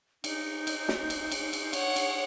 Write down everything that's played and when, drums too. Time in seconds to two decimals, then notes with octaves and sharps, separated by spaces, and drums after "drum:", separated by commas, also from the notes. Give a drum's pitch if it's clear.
0.24 D#4, drum: cymbal
0.67 drum: cymbal
0.88 drum: snare
1.10 drum: cymbal
1.31 drum: cymbal
1.53 drum: cymbal
1.73 C#5 F#5, drum: cymbal
1.96 drum: cymbal